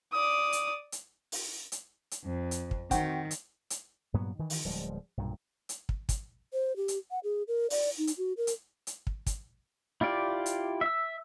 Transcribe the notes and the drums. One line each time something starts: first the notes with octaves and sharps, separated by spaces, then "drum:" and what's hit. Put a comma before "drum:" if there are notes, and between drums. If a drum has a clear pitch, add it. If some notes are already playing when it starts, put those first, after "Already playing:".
D5 D#6
drum: hi-hat
drum: hi-hat
drum: open hi-hat
drum: hi-hat
drum: hi-hat
F2
drum: hi-hat
drum: kick
D#3 C4 F#4 G5, drum: kick, hi-hat
drum: hi-hat
drum: hi-hat
G2 A#2 F#3 B3
D#3 E3
drum: open hi-hat
D1 F3 G3 G#3
B1 G2 A#2
drum: hi-hat
drum: kick
drum: kick, hi-hat
C5
G4
drum: hi-hat
F#5
G#4
A#4
D5, drum: open hi-hat
D#4
drum: hi-hat
F#4
A#4
drum: hi-hat
drum: hi-hat
drum: kick
drum: kick, hi-hat
E4 F4 G4 D5
drum: hi-hat
E5 E6